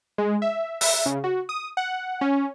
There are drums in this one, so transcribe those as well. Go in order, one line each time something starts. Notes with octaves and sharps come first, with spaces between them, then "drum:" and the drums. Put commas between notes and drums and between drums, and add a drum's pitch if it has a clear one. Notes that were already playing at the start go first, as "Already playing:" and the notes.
G#3
E5
E5, drum: open hi-hat
C#3
F#4
D#6
F#5
C#4